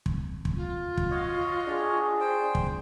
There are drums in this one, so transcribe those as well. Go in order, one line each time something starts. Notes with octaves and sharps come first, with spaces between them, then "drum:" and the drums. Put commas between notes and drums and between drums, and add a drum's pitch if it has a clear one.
drum: kick
drum: kick
F4
drum: kick
F#4 C#5 D#5
D4 G#4
C5 G5
drum: kick